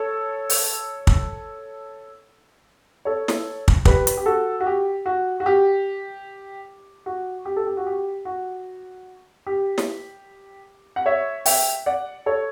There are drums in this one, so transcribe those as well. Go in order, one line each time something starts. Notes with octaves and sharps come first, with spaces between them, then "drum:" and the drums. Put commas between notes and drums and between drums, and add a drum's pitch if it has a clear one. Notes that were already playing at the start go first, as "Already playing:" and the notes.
Already playing: A4 C#5
drum: open hi-hat
drum: kick
A4 C#5
drum: snare
drum: kick
G4 B4, drum: kick
drum: hi-hat
G4
F#4 A4
F#4
G4
F#4
F#4
G4
F#4
G4
A4
G4
F#4
G4
F#4
G4
drum: snare
F#5
C#5 E5
E5 G5, drum: open hi-hat
D5 F#5
A4 C#5